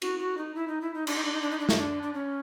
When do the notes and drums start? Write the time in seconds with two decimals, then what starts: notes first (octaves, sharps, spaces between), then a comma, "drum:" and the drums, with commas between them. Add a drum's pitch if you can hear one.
0.02 F#4, drum: cymbal
0.19 F#4
0.37 D#4
0.55 E4
0.68 D#4
0.81 E4
0.94 D#4
1.07 D4, drum: cymbal
1.16 D#4
1.25 D4
1.33 D#4
1.42 D4
1.51 D#4
1.60 D4
1.69 D#4, drum: snare
1.77 D4
2.03 D4
2.14 C#4